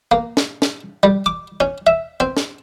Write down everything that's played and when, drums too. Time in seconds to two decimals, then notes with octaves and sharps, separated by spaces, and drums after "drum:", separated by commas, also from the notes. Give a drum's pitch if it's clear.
0.12 A#3
0.37 drum: snare
0.62 drum: snare
1.03 G3
1.26 D6
1.60 C#4
1.87 E5
2.20 C4
2.37 drum: snare